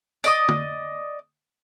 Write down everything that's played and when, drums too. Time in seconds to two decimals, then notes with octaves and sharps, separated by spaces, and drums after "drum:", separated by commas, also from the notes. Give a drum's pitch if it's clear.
0.24 D5 D#5 D#6, drum: tambourine
0.48 drum: tom